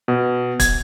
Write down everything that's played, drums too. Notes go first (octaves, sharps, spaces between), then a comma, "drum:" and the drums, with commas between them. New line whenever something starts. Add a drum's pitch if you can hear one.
B2
G#6, drum: kick, hi-hat